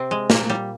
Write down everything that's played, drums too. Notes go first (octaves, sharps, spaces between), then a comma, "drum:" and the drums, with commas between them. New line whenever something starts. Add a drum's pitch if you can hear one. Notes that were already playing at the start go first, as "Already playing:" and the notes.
Already playing: C3 C4
G#3
A#2 A#3, drum: snare
G3